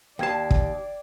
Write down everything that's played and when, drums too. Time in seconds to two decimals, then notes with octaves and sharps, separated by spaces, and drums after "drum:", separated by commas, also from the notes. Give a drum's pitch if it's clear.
0.19 D#2 D5 G5 A5 G#6 C7
0.51 drum: kick